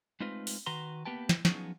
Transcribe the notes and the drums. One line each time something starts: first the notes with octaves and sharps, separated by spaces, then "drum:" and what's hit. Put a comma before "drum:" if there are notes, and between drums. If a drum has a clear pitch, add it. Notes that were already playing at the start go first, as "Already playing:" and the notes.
G#3 A3 C4 D#4 F4 B4
drum: open hi-hat
D#3 F#4 B4 A#5 C6
A#3 B3 G4 B4 G5 A5
drum: snare
F3 F#3 B3 C#4 D#4 G#4, drum: snare